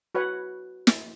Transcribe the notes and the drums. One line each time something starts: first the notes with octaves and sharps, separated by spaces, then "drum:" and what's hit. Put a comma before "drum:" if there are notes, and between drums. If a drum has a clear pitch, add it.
F#4 B4 C#5 F#5
drum: snare